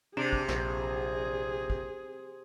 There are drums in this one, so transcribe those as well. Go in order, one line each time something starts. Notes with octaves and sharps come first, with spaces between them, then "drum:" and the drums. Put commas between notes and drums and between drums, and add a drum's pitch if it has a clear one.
C3 D4 G#4
drum: kick
A#1, drum: snare
drum: kick